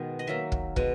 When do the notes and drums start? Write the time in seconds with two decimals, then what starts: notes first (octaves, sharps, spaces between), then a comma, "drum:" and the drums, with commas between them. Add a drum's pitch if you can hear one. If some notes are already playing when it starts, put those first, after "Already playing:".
Already playing: B2 D#3 G#3 B3
0.19 D#5
0.27 D#3 F#3 A#3 E5
0.52 drum: kick
0.76 B2 G#3 B3, drum: kick